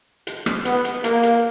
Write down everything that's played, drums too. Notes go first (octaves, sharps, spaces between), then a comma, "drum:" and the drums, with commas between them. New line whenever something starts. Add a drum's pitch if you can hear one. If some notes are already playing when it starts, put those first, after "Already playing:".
drum: hi-hat
drum: rim click
B3, drum: hi-hat
drum: hi-hat
A#3, drum: hi-hat
drum: hi-hat